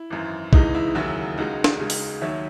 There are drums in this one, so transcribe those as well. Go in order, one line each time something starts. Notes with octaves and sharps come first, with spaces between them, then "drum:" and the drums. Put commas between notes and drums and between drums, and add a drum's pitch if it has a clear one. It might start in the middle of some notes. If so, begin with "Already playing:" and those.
Already playing: E4
G#1 F#2 E3
E2 C#3 E3 G#3 D#4, drum: kick A#1
E4
E1 D#2 C#3 F#3 E4
C#2 C#3 G#3 D#4 F#4
drum: snare
C#2 C#3 G#3
drum: open hi-hat
D#2 D#3 F#3 C#5 E5